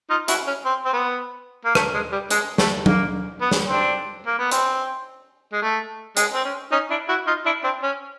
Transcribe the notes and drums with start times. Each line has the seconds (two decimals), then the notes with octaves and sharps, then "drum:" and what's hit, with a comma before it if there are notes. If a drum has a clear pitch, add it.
0.10 D#4 F4
0.28 E4 F#4, drum: hi-hat
0.47 C#4
0.65 C4
0.85 C4
0.93 B3
1.65 A#3
1.75 A3, drum: rim click
1.94 G#3
2.12 G3
2.31 G#3, drum: hi-hat
2.58 A3, drum: snare
2.86 A#3, drum: tom F#3
3.41 B3
3.51 drum: snare
3.68 C4 D4
4.27 A#3
4.39 B3
4.51 C4, drum: hi-hat
5.53 G#3
5.62 A3
6.17 G#3, drum: hi-hat
6.34 C4
6.45 C#4
6.72 C#4 D#4
6.90 D4 E4
7.09 E4 F#4
7.27 D#4 F4
7.45 D4 E4
7.63 C4 D4
7.83 C#4